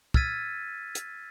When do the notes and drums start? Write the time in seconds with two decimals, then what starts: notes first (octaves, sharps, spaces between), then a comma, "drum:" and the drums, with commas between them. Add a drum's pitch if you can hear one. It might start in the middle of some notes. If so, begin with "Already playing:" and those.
0.14 E6 F6 G#6 A6 B6 D#7, drum: kick
0.95 drum: hi-hat